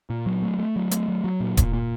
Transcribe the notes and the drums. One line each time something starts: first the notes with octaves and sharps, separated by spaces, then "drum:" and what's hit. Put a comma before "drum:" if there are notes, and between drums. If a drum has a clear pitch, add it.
A#2
F#3
A3
A3
F#3
A3, drum: hi-hat
F#3
F#3
A#2
A#2, drum: kick D#1, hi-hat
A#2